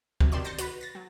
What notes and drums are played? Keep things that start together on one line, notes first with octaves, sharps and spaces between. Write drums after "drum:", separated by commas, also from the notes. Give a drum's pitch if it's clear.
C3 F#3, drum: kick
C3 D#3 D5 C6 E7
G6 A6 A#6 C7 C#7
F#4 B4, drum: hi-hat
A6 A#6
F#3